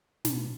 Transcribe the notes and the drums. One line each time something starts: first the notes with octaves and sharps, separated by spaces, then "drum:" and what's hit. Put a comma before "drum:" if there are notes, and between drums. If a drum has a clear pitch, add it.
B2, drum: snare